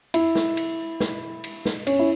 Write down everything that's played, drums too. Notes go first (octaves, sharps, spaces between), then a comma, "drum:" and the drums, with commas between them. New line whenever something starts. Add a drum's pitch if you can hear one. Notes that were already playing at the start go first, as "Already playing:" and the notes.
E4, drum: cymbal
drum: snare
drum: cymbal
drum: snare
drum: cymbal
drum: snare
C#4, drum: cymbal
E4